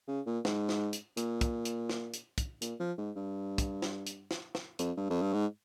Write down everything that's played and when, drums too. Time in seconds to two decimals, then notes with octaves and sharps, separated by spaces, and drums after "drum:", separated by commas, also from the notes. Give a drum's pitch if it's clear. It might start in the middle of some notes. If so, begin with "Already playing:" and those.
0.08 C#3
0.27 A#2
0.45 G#2, drum: snare
0.69 drum: snare
0.93 drum: hi-hat
1.17 A#2, drum: hi-hat
1.41 drum: kick, hi-hat
1.65 drum: hi-hat
1.89 drum: snare
2.14 drum: hi-hat
2.38 drum: kick, hi-hat
2.62 A#2, drum: hi-hat
2.80 F3
2.98 G#2
3.16 G2
3.58 drum: kick, hi-hat
3.82 drum: snare
4.07 drum: hi-hat
4.31 drum: snare
4.55 drum: snare
4.79 F2, drum: hi-hat
4.97 G2
5.10 F2
5.22 G2
5.34 G#2